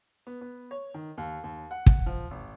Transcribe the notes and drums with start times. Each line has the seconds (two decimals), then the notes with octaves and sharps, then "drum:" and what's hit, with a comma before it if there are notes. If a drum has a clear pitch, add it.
0.27 B3
0.41 B3
0.71 C#5
0.94 D#3
1.18 D#2
1.44 D#2
1.71 F#5
1.86 drum: kick
2.06 F3
2.31 G#1